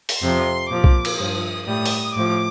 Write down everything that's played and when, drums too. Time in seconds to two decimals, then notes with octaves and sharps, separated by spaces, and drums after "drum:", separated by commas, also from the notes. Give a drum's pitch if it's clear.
0.09 drum: open hi-hat
0.21 F2 C3 F3 C6
0.70 A#2 F3 D6
0.84 drum: kick B1
1.05 drum: cymbal
1.18 G2 F3 D#6
1.67 A2 G3 D#6
1.86 drum: open hi-hat
2.16 A2 F3 D6